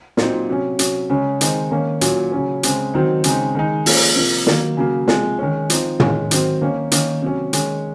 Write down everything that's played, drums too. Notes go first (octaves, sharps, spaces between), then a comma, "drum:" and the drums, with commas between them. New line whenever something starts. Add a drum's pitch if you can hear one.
A#2 F#3 C4 D#4, drum: snare
C3 F#3 C#4
C3 F#3 C#4, drum: hi-hat
C#3 G#3 C#4
D#3 G#3 C4 D#4, drum: hi-hat
D#3 A#3 C#4
A#2 F#3 C#4, drum: hi-hat
C#3 F#3 C#4
C#3 G#3 C4, drum: hi-hat
D#3 F#3 C4 D#4
C#3 G#3 C4 D#4, drum: hi-hat
D#3 G#3 D#4
F3 A#3 C#4, drum: open hi-hat
C3 F3 A#3
D#3 F#3 A#3, drum: snare
C#3 F#3 A#3
C3 F3 G#3, drum: snare
D#3 G#3 C#4
F3 C4 D#4, drum: hi-hat
D#3 G#3 C#4, drum: tom
D#3 F#3 C4, drum: hi-hat
D#3 A#3 C#4
D#3 A#3 C#4, drum: hi-hat
C3 F#3 C#4
D#3 G#3 C#4, drum: hi-hat